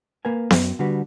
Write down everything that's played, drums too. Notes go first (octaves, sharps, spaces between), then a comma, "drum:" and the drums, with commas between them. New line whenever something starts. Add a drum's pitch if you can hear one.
A#3 A#4 B4 G#5
F#2, drum: snare B3
D3 G3 F#4 B4